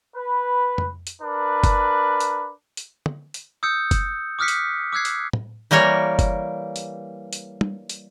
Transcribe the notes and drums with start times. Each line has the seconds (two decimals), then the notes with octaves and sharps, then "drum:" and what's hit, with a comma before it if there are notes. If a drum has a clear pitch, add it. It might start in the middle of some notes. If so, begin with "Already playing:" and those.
0.16 B4
0.78 drum: tom F2
1.07 drum: hi-hat
1.22 D4 A#4 B4
1.64 drum: kick F#1, hi-hat
2.20 drum: hi-hat
2.77 drum: hi-hat
3.06 drum: tom
3.34 drum: hi-hat
3.63 D#6 E6 G6 C#7
3.91 drum: kick F#1, hi-hat
4.39 D6 D#6 F6 F#6 B6 C#7
4.48 drum: hi-hat
4.92 D6 E6 F#6 G#6 C7
5.05 drum: hi-hat
5.33 drum: tom
5.71 E3 G3 A#3 A#4 C#5
6.19 drum: kick F#1, hi-hat
6.76 drum: hi-hat
7.33 drum: hi-hat
7.61 drum: tom
7.89 drum: hi-hat